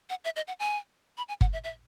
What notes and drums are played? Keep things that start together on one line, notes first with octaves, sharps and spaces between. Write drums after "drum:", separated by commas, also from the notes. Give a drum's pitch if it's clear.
F#5
E5
D#5
F#5
G#5
B5
G#5
F#5, drum: kick G1
E5
E5